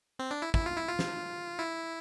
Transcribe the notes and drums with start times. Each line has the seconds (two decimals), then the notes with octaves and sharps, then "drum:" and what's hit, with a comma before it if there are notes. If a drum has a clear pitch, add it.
0.19 C4
0.31 D4
0.42 E4
0.54 E4, drum: kick
0.66 F4
0.77 E4
0.89 F4
0.99 drum: snare
1.59 E4